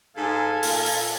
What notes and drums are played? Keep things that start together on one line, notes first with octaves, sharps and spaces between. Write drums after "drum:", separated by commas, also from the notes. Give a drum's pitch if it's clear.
G#2 A4 F5 G#5
A#2, drum: open hi-hat
drum: open hi-hat